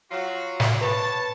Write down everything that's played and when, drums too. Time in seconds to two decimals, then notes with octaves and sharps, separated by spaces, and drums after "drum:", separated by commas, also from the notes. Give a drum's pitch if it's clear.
0.11 F#3 F4 F#4
0.60 drum: snare
0.81 B4 C#5 A5